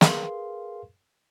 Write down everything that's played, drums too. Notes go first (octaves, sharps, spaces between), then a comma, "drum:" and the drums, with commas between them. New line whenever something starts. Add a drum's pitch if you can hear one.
G#4 A#4 B4 F5 C6, drum: snare